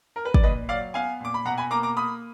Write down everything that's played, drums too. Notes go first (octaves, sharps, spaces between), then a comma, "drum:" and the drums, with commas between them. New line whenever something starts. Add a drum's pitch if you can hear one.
A#4
B4
D5, drum: kick
A#2 B4 D#5
F#3 D5 F5
B3 F5 G#5
A#2 D6
B5
B2 F#5 A#5
G#5 B5
A#3 A#5 D6
A#5 D6
A#3 B5 D#6